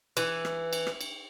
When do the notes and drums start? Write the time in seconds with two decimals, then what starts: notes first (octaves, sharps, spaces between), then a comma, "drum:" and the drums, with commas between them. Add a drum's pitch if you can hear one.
0.17 E3, drum: cymbal
0.45 drum: rim click
0.73 drum: cymbal
0.87 drum: rim click
1.01 drum: cymbal